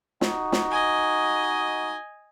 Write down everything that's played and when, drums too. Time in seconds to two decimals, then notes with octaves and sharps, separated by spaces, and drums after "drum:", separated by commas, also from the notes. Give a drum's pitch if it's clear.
0.21 D#4 F#4, drum: snare
0.52 drum: snare
0.71 D#5 G#5